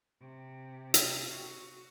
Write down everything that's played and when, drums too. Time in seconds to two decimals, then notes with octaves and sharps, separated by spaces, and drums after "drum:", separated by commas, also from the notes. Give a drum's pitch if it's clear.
0.21 C3
0.94 drum: hi-hat
1.31 F#4